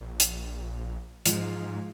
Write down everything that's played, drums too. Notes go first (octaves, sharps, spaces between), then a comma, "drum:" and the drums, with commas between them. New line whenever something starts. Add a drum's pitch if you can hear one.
A#1
drum: hi-hat
G#2 F3 G#3 F4, drum: hi-hat